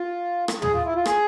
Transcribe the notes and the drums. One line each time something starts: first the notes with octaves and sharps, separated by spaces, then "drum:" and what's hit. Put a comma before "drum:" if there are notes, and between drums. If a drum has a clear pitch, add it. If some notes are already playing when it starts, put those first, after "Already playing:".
Already playing: F4
drum: rim click
G#4, drum: tom
F4
E4
F4
G#4, drum: rim click